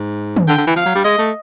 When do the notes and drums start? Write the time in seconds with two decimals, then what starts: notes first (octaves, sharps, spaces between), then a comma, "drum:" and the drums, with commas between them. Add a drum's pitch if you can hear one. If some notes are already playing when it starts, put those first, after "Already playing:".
Already playing: G#2
0.37 drum: tom
0.47 D3 G5
0.58 D3
0.67 E3
0.76 F3 F5
0.86 F#3
0.95 G3
1.04 G#3 D#5
1.18 A3